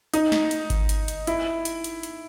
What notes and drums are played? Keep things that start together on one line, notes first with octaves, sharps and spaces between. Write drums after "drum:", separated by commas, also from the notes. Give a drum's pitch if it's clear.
D#4, drum: hi-hat
drum: snare
drum: hi-hat
drum: kick G#1, hi-hat
drum: hi-hat
drum: hi-hat
E4, drum: hi-hat
drum: hi-hat
drum: hi-hat
drum: hi-hat